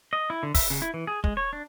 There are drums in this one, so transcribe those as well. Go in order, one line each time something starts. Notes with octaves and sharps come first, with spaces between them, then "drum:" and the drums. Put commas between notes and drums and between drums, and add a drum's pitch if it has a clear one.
D#5
E4
D3
E5, drum: kick, open hi-hat
C#3
E4
E3
G#4
G#3, drum: kick
C#5
D4